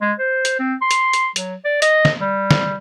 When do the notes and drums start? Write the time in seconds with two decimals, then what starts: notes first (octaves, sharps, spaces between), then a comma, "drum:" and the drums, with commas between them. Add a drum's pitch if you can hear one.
0.01 G#3
0.19 C5
0.45 drum: hi-hat
0.59 C4
0.81 C6
0.91 drum: hi-hat
1.13 drum: hi-hat
1.36 F#3, drum: hi-hat
1.65 D5
1.82 D#5, drum: hi-hat
2.05 drum: snare
2.21 G3
2.51 drum: snare